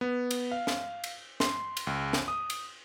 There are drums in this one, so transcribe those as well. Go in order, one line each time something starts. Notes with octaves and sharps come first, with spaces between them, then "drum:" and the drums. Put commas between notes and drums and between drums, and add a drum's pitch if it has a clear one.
B3
drum: cymbal
F5
drum: snare
drum: cymbal
C6, drum: snare
drum: cymbal
C#2
drum: snare
D#6
drum: cymbal